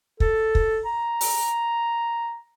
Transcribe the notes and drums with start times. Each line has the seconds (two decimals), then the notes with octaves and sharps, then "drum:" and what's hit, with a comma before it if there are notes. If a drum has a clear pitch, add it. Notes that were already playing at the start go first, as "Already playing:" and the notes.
0.20 A4, drum: kick
0.55 drum: kick
0.85 A#5
1.21 drum: open hi-hat